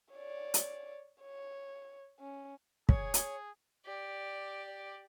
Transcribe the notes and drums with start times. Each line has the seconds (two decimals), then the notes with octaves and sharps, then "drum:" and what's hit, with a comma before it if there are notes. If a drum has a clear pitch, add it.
0.14 C#5 D5
0.54 drum: hi-hat
1.22 C#5
2.20 C#4
2.89 G#4 C#5, drum: kick
3.14 drum: hi-hat
3.85 G4 D5